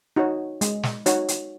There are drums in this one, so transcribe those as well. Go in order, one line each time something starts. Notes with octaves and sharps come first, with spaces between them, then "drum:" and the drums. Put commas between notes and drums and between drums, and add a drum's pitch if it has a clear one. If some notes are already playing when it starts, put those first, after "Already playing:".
D#4 F#4 C#5
G#3, drum: hi-hat
drum: snare
D#4 F#4 C#5, drum: hi-hat
drum: hi-hat